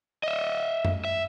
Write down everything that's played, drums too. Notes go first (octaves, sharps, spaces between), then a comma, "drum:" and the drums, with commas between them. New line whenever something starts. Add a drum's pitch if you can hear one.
D#5 E5
drum: tom F#2
E5